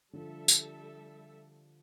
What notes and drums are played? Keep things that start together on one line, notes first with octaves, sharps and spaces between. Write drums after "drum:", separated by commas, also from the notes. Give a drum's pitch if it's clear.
D3 F3 G3 A4 E5
drum: tambourine